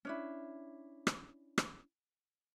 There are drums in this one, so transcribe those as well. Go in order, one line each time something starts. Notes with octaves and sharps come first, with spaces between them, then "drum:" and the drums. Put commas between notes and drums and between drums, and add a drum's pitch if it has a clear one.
C#4 D4 E4
drum: rim click
drum: rim click